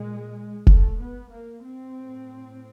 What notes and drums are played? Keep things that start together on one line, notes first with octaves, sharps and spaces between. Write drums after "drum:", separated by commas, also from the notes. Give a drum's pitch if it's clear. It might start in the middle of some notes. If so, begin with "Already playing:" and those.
Already playing: A#2 G#3
A3, drum: kick F1
B3
A#3
C4
A2